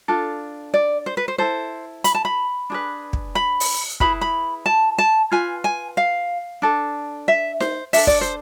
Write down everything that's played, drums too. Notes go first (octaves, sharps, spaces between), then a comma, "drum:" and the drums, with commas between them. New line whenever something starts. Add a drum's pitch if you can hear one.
D4 F4 A4
D5
C5
B4
C5
E4 A4 C5
B5, drum: hi-hat
A5
B5
D4 G#4 B4
drum: kick
B5
drum: open hi-hat
E4 G#4 B4 B5, drum: kick
B5
A5
A5
F4 B4 G#5
G#5
F5
D4 A4
E5
C5, drum: snare D#4
D4 A4 E5, drum: open hi-hat
D5, drum: kick
C5